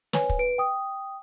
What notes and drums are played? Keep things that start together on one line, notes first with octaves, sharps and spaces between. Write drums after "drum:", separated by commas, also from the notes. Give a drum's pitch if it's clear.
B4 C#5 G#5, drum: snare
drum: kick
B4 D7
G5 D#6